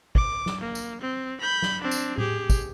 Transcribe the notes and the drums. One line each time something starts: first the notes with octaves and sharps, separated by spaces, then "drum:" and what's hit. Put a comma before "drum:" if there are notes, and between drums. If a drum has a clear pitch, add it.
D6, drum: kick
drum: snare
A#3
drum: tambourine
C4
B5 G6
drum: snare
C4 D4
drum: tambourine
G4 G#4, drum: tom A2
drum: kick, tambourine